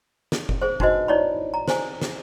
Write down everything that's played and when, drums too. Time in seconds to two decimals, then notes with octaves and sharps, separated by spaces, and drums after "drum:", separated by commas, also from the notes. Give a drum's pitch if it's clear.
0.32 drum: snare
0.49 drum: kick F#1
0.62 G#4 C5
0.80 D4 D#4 F#4 B4 C5 D#5, drum: kick F#1
1.08 D#4 E4 C#5 D5 B5
1.54 A#5
1.68 C5 G#5, drum: snare
2.02 drum: snare